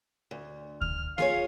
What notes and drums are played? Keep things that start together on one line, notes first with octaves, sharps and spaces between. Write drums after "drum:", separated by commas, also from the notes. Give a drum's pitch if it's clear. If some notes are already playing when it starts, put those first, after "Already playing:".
D2
F6, drum: kick D2
F4 G#4 C#5 F5, drum: snare A#3